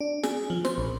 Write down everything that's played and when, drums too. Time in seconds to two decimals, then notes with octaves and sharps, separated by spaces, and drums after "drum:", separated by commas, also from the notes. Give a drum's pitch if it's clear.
0.01 D4
0.23 G#4, drum: snare
0.50 F3
0.65 C5, drum: snare
0.78 A#1